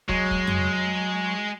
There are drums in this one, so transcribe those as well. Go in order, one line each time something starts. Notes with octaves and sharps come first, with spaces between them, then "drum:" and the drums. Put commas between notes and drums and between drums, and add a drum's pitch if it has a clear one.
F#3 G#3, drum: kick
drum: kick
drum: tom F2